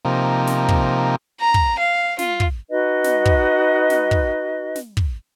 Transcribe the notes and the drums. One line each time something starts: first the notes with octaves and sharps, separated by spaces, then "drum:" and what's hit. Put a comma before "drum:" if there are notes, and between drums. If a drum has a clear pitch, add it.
C3 F3 A#3 D#4
drum: snare
drum: kick
A#5
drum: kick
F5
F4, drum: snare
drum: kick
D#4 F#4 B4 D#5
drum: snare
drum: kick
drum: snare
drum: kick
drum: snare
drum: kick